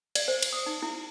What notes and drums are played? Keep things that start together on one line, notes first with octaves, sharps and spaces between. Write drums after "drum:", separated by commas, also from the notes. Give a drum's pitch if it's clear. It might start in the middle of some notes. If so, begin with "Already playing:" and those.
D5, drum: cymbal
C5
drum: cymbal
D#6
D#4
E4